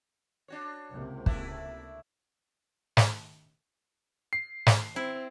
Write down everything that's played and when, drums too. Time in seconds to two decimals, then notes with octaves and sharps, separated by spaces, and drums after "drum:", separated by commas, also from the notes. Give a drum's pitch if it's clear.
0.48 D4 F#4 C#5
0.92 C#2 C3 A#3
1.26 A3 D4 E4, drum: kick
2.97 drum: snare
4.33 C7
4.66 drum: snare
4.96 C4 E4